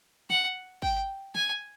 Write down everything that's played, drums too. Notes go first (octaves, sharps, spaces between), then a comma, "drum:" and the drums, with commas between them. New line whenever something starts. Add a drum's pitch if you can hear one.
F#5, drum: snare
G5, drum: kick
G#5, drum: snare